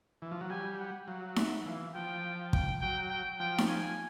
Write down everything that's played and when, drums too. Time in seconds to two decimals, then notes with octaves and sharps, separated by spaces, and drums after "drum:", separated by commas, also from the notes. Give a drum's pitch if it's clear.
0.22 E3
0.31 F3
0.41 F#3
0.50 G3 G#5
0.79 F#5
1.07 F#3 F5
1.36 E5, drum: snare D#4
1.66 E3 F5
1.95 F3 G5
2.53 G5, drum: kick
2.81 F#3 G5
3.10 G5
3.40 F3 G5
3.58 drum: snare D#4
3.68 G#5